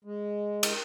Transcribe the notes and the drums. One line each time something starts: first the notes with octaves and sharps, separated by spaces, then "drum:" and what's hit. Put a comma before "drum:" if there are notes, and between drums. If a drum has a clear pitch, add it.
G#3
drum: cymbal